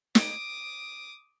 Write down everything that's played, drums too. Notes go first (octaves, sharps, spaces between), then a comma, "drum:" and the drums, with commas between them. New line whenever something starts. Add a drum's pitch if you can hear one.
D6 D#6, drum: snare